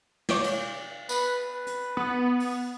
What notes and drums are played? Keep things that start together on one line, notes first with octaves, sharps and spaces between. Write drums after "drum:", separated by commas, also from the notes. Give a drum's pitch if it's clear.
C#5 D6 G6, drum: snare
drum: cymbal
B4, drum: tambourine
B4
drum: hi-hat
B3
drum: open hi-hat